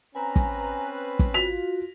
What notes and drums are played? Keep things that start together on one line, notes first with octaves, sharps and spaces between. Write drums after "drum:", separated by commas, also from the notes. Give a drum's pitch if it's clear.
C4 C#4 B4 G#5 A#5
drum: kick
drum: kick
F4 F#4 B6 F7